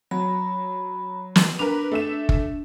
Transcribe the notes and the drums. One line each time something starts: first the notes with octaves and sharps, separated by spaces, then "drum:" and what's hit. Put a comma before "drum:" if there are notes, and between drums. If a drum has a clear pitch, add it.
F#3 B5
drum: snare
D4 A#4 B4
A3 E5 E7
drum: kick